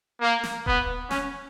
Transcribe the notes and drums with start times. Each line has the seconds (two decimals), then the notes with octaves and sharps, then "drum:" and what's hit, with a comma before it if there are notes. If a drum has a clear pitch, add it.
0.21 A#3
0.43 drum: snare
0.66 B3, drum: kick D#1
1.11 C#4, drum: snare